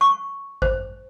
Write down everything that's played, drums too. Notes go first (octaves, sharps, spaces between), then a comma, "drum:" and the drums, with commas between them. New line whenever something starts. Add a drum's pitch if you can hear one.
C#6
C5, drum: kick G#1